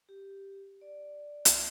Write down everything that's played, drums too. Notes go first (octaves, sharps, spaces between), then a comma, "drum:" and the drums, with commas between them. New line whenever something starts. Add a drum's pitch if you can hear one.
G4
D5
drum: hi-hat